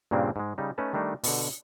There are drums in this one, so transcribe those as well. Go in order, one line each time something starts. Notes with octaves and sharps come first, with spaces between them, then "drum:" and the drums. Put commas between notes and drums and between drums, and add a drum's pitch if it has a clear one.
G2 A#2 C#3 A#3 C4 D4
G#2 G#3
C#3 G3 D#4
A3 C#4 D#4 B4 A5
D#3 G3 A3 D4 D#4
B2 D3, drum: open hi-hat